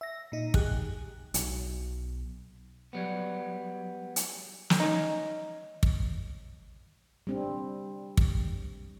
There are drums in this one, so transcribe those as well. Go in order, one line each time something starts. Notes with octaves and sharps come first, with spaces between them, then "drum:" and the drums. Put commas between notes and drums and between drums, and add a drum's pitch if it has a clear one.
E5 A#6
A#2 D#4
G4 G#4 F#6, drum: kick
B1, drum: hi-hat
F#3 G3 B3
drum: hi-hat
drum: snare
C#4 D#4
drum: kick
G3 C4 D4
drum: kick